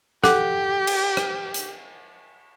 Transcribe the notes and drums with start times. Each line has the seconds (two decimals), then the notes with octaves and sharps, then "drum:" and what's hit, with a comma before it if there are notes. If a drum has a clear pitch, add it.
0.24 G4 A4 F#5 D6, drum: snare
0.87 drum: cymbal
1.17 drum: rim click
1.54 drum: hi-hat